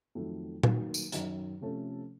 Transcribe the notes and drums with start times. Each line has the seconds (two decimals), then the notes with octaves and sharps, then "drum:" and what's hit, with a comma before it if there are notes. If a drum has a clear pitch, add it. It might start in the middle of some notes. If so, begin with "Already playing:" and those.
0.15 F2 D#3 F#3 A3
0.63 D#3 F#3 A#3 D#4, drum: tom A#2
0.94 drum: tambourine
1.12 F#2 D#3 F#3, drum: hi-hat
1.61 C3 F3 A3 C#4 A4